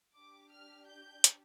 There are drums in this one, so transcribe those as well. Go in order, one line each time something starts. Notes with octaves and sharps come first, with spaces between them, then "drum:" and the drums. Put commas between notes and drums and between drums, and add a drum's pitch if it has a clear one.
D4 G4 D6
F6
G6
drum: hi-hat